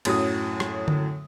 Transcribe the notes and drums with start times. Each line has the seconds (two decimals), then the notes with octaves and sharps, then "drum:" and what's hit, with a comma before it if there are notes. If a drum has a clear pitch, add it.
0.05 F#2 A2 F#3 D#6, drum: cymbal
0.60 drum: rim click
0.88 drum: tom D3